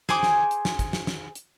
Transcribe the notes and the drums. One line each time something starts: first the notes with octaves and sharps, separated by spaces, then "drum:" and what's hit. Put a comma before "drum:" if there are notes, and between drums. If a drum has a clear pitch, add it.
G#4 C5 G#5 D6, drum: snare
drum: snare
drum: hi-hat
drum: snare
drum: kick, hi-hat
drum: snare
drum: snare
drum: hi-hat